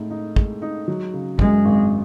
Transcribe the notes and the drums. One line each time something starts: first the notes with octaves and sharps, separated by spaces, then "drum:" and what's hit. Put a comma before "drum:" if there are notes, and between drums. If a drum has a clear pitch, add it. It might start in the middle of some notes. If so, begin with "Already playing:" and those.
Already playing: A2 G#3 D#4
D#4
G#3, drum: kick
D#4
F#3
C#3
F#2 G#3, drum: kick
G#1